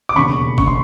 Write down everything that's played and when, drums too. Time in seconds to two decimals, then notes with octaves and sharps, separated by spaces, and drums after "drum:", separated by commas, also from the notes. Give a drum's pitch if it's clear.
0.09 D6
0.16 E1 D#2 C#3 B5 C#6
0.58 C#3 C#6, drum: kick G1
0.67 C6